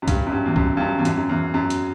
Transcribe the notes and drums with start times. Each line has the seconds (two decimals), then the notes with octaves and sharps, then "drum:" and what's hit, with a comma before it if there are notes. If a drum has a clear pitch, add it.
0.02 F#2
0.08 G2, drum: kick, hi-hat
0.26 F#2
0.32 G2
0.46 E2
0.56 F#2, drum: kick
0.77 G2
0.80 F#2
0.99 E2
1.05 F#2, drum: hi-hat
1.17 F#2
1.29 E2
1.54 F#2
1.70 drum: hi-hat